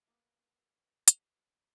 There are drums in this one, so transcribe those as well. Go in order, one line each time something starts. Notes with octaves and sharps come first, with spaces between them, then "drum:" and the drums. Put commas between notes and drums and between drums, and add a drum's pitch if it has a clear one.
A#3 B3
drum: hi-hat